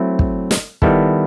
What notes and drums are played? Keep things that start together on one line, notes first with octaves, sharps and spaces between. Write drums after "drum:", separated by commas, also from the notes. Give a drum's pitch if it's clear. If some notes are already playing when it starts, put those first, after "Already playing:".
Already playing: F#3 A3 C4 E4
drum: kick
drum: snare
D#3 G3 B3 E4 A4, drum: kick